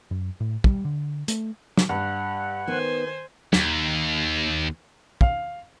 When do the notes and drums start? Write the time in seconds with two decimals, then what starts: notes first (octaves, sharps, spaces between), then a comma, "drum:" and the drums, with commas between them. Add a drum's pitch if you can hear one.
0.11 F#2
0.40 A2
0.64 G3, drum: kick
0.85 D3
1.28 A3, drum: hi-hat
1.77 drum: snare
1.89 G2 F#5
2.68 D#3 B3 D#4 C5 G#5
3.53 D#2, drum: snare
5.21 F5, drum: kick